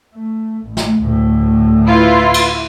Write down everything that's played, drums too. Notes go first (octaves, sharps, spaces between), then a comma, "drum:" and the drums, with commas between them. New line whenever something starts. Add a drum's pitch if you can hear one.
A3
A1
drum: snare
D2 A2
E4 F4 B4
drum: cymbal